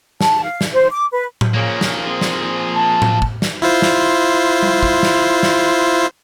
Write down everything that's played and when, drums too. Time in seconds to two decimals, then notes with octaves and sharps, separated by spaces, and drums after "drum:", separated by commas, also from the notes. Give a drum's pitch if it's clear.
0.21 A5, drum: snare
0.42 F5
0.61 drum: snare
0.72 C5
0.91 D6
1.11 B4
1.41 drum: tom A2
1.54 A#2 C#3 F3 A#3
1.81 drum: snare
2.06 C4 G#4
2.21 drum: snare
2.74 A5
3.02 drum: tom A2
3.22 drum: kick
3.42 drum: snare
3.62 E4 F4 C5
3.82 drum: snare
4.63 drum: tom G3
4.83 drum: kick
5.03 drum: snare
5.43 drum: snare